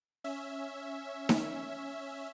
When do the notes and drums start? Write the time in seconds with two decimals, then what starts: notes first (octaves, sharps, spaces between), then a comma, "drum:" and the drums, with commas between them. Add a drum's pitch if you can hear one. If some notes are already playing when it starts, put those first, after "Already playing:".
0.24 C#4 E5
1.29 drum: snare D#4